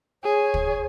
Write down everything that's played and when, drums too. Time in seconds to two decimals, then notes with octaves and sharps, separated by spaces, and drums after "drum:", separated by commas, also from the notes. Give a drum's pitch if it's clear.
0.24 G#4 C#5
0.54 drum: kick